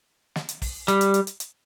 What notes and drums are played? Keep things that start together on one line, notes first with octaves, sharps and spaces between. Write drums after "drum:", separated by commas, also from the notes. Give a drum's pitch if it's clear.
drum: snare
drum: hi-hat
drum: kick, open hi-hat
G3, drum: hi-hat
drum: hi-hat
drum: hi-hat
drum: hi-hat
drum: hi-hat